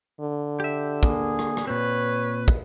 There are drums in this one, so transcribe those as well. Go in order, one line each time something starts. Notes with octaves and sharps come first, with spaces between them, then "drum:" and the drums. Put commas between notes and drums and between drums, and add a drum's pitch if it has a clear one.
D3
G4 E5
A#3 G#4, drum: kick
drum: rim click
drum: rim click
A#2 C4 B4 C#5
drum: kick